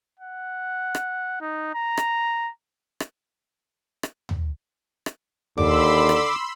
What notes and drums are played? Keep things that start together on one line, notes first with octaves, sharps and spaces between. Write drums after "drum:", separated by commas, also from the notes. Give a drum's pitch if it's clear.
F#5
drum: rim click
D#4
A#5
drum: rim click
drum: rim click
drum: rim click
drum: tom
drum: rim click
D#2 D3 B5 C6 D6 E6, drum: tom
drum: rim click